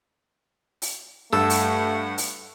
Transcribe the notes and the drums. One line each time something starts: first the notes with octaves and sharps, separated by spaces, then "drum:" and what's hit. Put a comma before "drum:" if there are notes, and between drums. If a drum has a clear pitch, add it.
drum: open hi-hat
G2 A3 A4 F#5
drum: open hi-hat
drum: open hi-hat